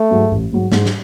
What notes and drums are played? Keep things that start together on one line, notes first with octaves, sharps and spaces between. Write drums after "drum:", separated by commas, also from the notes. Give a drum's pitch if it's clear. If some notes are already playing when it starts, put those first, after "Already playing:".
Already playing: A3
G#2 F#3
A1
G#2 F#3
G#2, drum: snare
drum: snare